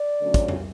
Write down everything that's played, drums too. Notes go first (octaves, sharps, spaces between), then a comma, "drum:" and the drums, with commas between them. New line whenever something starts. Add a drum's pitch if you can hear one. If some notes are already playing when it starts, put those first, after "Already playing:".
Already playing: D5
D3 F#3 A3 C#4
drum: kick, hi-hat
drum: tom F2